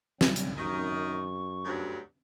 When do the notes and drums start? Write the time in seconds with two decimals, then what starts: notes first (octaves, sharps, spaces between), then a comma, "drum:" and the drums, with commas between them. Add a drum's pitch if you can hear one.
0.21 F#3 G3 C4, drum: snare
0.36 drum: hi-hat
0.57 F#2 D#3 C#6
1.65 D2 G2 F#3